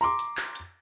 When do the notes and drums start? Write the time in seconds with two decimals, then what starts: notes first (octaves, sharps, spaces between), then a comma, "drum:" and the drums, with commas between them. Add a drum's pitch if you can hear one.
0.01 A#5 C6 D6
0.19 drum: hi-hat
0.37 drum: clap
0.55 drum: hi-hat